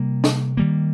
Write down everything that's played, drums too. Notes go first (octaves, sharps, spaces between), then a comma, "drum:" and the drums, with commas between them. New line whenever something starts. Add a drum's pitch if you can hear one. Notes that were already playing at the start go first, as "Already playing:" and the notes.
Already playing: C3 G3 A#3
drum: snare
D#3 G3 A#3